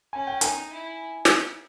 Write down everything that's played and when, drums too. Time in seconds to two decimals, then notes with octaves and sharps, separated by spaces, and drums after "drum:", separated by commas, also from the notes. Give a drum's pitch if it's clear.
0.13 C#4 G#5
0.27 G5
0.41 D#4 G#5, drum: hi-hat
0.73 E4
1.25 drum: snare